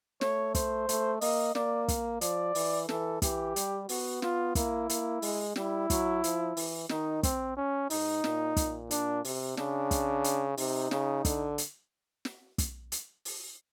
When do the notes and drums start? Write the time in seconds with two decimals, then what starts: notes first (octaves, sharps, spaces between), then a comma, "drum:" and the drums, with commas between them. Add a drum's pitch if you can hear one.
0.21 A3 C#5, drum: snare
0.55 C5, drum: kick, hi-hat
0.89 A3, drum: hi-hat
1.21 A#3 D#5, drum: open hi-hat
1.55 A#3 D5, drum: snare
1.88 drum: kick, hi-hat
2.21 F3 D5, drum: hi-hat
2.55 E3, drum: open hi-hat
2.89 E3 A4, drum: snare
3.22 E3 G4, drum: kick, hi-hat
3.56 G3, drum: hi-hat
3.89 B3 F#4, drum: open hi-hat
4.22 F4, drum: snare
4.55 A#3 E4, drum: kick, hi-hat
4.89 A#3, drum: hi-hat
5.22 G#3, drum: open hi-hat
5.56 G3 E4, drum: snare
5.90 F#3, drum: kick, hi-hat
6.24 F3, drum: hi-hat
6.57 E3, drum: open hi-hat
6.89 D#3 D#4, drum: snare
7.23 C4, drum: kick, hi-hat
7.57 C#4
7.90 G#2 D#4, drum: open hi-hat
8.24 A#2, drum: snare
8.57 A#2, drum: kick, hi-hat
8.91 D4, drum: hi-hat
9.25 C3, drum: open hi-hat
9.57 C#3 D4, drum: snare
9.91 drum: kick, hi-hat
10.24 drum: hi-hat
10.57 C3 D#4, drum: open hi-hat
10.91 C#3, drum: snare
11.25 D3, drum: kick, hi-hat
11.58 drum: hi-hat
12.25 drum: snare
12.58 drum: kick, hi-hat
12.92 drum: hi-hat
13.25 drum: open hi-hat